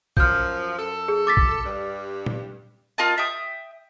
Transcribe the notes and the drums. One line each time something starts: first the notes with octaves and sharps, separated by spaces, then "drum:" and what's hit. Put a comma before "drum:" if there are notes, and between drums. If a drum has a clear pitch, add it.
F#2 F3 F6 G6, drum: kick A#1
F#2 A4
G#4
D6 A6 B6
drum: kick A#1
G2 G3
drum: tom A#2
F4 A#4 D#5 A5
E5 G5 D#6